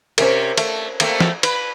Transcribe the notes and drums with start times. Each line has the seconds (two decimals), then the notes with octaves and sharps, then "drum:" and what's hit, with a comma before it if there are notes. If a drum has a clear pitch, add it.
0.18 C3 C#4 A#4 C5, drum: cymbal
0.57 A3, drum: cymbal
1.00 A3 A#3 C4, drum: cymbal
1.20 drum: snare
1.43 B4, drum: cymbal